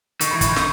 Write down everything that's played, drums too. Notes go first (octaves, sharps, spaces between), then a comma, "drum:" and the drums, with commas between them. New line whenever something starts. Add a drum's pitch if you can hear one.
D#3 C#6, drum: hi-hat
E3 B5
C#6, drum: kick, hi-hat
D#3 B5
C#6, drum: snare